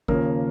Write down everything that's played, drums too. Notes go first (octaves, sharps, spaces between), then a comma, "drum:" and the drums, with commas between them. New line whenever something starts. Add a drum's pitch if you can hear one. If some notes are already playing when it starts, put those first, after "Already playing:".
D#2 C#3 F3 A#3 A#4, drum: kick